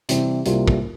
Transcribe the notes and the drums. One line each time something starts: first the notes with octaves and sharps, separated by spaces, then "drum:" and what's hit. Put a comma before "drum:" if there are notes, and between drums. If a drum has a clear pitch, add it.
C3 E3 G3 C4, drum: hi-hat
C2 C3 G3 A#3 F4, drum: hi-hat
drum: kick